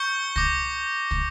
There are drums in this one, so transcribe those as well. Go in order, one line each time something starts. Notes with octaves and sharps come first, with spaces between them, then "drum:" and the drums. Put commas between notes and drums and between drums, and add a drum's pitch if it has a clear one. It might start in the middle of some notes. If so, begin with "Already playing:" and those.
Already playing: C#6 G6 C#7 G7
D6 G6 A#6, drum: kick
drum: kick